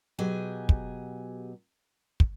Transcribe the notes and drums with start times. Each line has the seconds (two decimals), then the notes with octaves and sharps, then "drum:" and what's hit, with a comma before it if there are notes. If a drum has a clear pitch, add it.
0.19 B2 F#3 G4 G#4 G#5
0.69 drum: kick
2.20 drum: kick